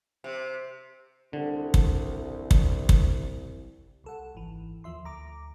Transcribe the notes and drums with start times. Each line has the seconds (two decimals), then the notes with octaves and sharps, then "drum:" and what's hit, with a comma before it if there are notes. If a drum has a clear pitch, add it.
0.24 C3
1.33 C2 D3
1.74 drum: kick
2.51 drum: kick
2.89 drum: kick
4.04 C2 A4 F#5
4.35 G#1 E3
4.84 D#2 F3 E5 C6
5.05 D2 A#5 D6